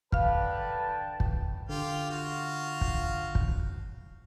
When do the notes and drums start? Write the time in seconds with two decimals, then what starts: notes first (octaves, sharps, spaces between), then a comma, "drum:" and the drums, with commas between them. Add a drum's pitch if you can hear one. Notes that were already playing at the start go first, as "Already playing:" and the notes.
0.12 D3 B4 F5 G5 A5 F6, drum: kick
1.20 drum: kick
1.69 D3 F4 G4
2.10 F4 F#4 F5
2.81 drum: kick
3.35 drum: kick